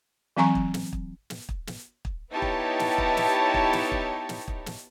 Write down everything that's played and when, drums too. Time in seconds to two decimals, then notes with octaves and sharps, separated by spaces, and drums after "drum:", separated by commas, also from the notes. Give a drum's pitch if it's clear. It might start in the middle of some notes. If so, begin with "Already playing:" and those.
0.37 E3 F#3 C4 G#5 A#5 C#6
0.55 drum: kick
0.74 drum: snare
0.93 drum: kick
1.30 drum: snare
1.49 drum: kick
1.67 drum: snare
2.05 drum: kick
2.32 B3 D#4 E4 G4 C#5 A5
2.42 drum: kick
2.79 drum: snare
2.98 drum: kick
3.17 drum: snare
3.54 drum: kick
3.73 drum: snare
3.92 drum: kick
4.29 drum: snare
4.48 drum: kick
4.66 drum: snare